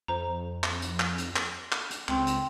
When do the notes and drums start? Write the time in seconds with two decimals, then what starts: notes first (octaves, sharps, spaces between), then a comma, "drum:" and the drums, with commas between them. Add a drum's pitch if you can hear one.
0.08 F2 C5 A#5
0.64 drum: clap
0.82 drum: hi-hat
1.00 drum: clap
1.18 drum: hi-hat
1.36 drum: clap
1.72 drum: clap
1.90 drum: hi-hat
2.09 C#2 C4, drum: clap
2.27 drum: hi-hat